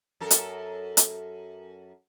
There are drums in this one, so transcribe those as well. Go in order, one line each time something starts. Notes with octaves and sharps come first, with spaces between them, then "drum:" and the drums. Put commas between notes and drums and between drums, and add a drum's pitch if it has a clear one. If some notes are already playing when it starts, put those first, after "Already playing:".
F#2 A4 A#4
drum: hi-hat
drum: hi-hat